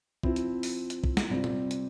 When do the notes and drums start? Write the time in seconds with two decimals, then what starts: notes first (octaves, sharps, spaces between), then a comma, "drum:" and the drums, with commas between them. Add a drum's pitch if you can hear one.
0.23 F3 C4 E4, drum: kick
0.36 drum: hi-hat
0.63 drum: open hi-hat
0.90 drum: hi-hat
1.04 drum: kick
1.17 drum: snare
1.30 C3 G3 C4 F4
1.44 drum: tom
1.71 drum: hi-hat